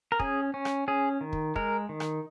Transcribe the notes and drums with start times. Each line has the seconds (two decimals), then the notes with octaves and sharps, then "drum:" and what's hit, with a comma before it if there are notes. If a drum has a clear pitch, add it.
0.12 A#4
0.20 C#4 G#4, drum: kick
0.54 C#4
0.65 drum: rim click
0.88 C#4 G#4
1.21 D#3
1.33 drum: kick
1.56 G#3 A#4, drum: kick
1.89 D#3
2.00 drum: rim click